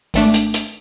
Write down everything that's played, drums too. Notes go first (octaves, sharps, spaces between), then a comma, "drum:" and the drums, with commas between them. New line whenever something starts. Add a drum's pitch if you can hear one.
G#1 A3 D4, drum: open hi-hat
drum: hi-hat
drum: hi-hat